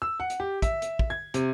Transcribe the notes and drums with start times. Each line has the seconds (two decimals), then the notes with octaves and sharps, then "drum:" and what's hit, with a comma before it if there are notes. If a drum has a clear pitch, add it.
0.02 E6
0.20 F#5
0.30 drum: hi-hat
0.40 G4
0.62 E5, drum: kick, hi-hat
0.82 drum: hi-hat
0.99 drum: kick
1.10 G#6
1.34 C3, drum: hi-hat